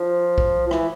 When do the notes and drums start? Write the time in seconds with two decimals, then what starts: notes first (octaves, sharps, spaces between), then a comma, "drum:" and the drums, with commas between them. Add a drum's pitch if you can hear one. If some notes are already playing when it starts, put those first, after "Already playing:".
Already playing: F3
0.38 drum: kick B1
0.67 F3
0.71 E3, drum: rim click